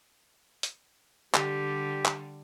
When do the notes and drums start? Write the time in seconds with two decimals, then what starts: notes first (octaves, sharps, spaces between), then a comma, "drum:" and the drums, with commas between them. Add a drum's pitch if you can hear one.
0.63 drum: hi-hat
1.34 D3 G3 G4, drum: clap
2.05 drum: clap